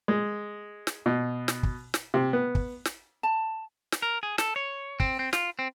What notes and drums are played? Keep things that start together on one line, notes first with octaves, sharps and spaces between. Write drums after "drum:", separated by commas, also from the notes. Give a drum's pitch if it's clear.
G#3
drum: snare
B2
drum: snare
drum: kick
drum: snare
C3
B3
drum: kick
drum: snare
A5
drum: snare
A#4
G#4
A4, drum: snare
C#5
C4, drum: kick
C4
F4, drum: snare
C4